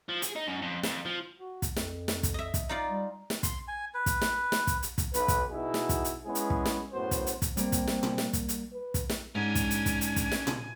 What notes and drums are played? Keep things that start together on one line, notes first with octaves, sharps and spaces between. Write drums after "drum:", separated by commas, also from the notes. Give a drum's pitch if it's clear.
F3
G#4, drum: hi-hat
D#4
F#2
F2
F2, drum: snare
F3
F#4
drum: kick, hi-hat
F2, drum: snare
drum: snare
drum: kick, hi-hat
D#5 E5
drum: kick, hi-hat
D#4 F4 D5
G3
drum: snare
C6, drum: kick, hi-hat
G#5
B4
drum: kick, hi-hat
drum: snare
drum: snare
drum: kick, hi-hat
drum: hi-hat
drum: kick, hi-hat
B1 B4, drum: hi-hat
drum: kick, hi-hat
B2 D#4 E4 F#4 G#4
drum: snare
drum: kick, hi-hat
drum: hi-hat
G#3 B3 C#4 E4 G#4
drum: hi-hat
drum: kick
drum: snare
F#2 A2 B3 F#4 C5
drum: kick, hi-hat
drum: hi-hat
drum: kick, hi-hat
G3 A#3 C4, drum: hi-hat
drum: kick, hi-hat
drum: snare
drum: tom A#2
drum: snare
drum: kick, hi-hat
drum: hi-hat
B4
drum: kick, hi-hat
drum: snare
G#2 C#4 D4 G#5
drum: kick, hi-hat
drum: hi-hat
drum: kick, hi-hat
drum: hi-hat
drum: kick, hi-hat
drum: snare
drum: tom A#2